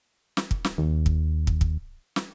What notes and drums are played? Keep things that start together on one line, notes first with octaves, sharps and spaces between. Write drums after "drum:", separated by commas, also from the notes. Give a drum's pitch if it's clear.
drum: snare
drum: kick
drum: snare
D#2
drum: kick
drum: kick
drum: kick
drum: snare